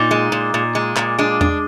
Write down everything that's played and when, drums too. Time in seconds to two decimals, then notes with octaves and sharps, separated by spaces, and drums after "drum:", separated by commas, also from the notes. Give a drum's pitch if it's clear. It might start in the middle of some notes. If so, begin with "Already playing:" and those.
Already playing: A#2 D#4
0.11 G#3
0.32 A#2
0.54 A#2
0.75 G#3
0.96 A#2, drum: clap
1.18 G#3 D4
1.41 D4, drum: tom E2